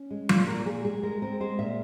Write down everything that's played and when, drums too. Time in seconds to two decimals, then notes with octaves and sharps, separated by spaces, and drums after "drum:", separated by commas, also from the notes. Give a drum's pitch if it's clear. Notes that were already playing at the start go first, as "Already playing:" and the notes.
Already playing: C#4
0.11 G#3
0.29 A#2 F4, drum: tom F#3
0.47 A#2 A#4
0.60 A#4
0.66 A#2 G#4
0.85 G#3 G#4
1.03 G#3 A#4
1.22 C4 A#4
1.40 G#3 C5
1.59 A#2 E5